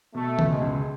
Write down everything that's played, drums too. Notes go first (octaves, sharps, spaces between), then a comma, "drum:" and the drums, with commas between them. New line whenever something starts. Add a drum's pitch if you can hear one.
B2 A3
C#2, drum: tom D3
G#3
C#2